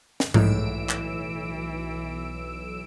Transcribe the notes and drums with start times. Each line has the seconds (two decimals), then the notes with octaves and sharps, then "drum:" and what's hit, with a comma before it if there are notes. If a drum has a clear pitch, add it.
0.20 drum: snare
0.34 B1 A2 E3 F3 G#3 D#4 E6 D7, drum: tom G#2
0.89 drum: clap